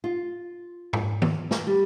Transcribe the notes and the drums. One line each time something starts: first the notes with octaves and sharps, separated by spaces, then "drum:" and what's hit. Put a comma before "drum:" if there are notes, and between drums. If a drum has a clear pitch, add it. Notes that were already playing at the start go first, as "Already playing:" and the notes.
F4
drum: tom G#2
drum: tom D#3
drum: snare
G3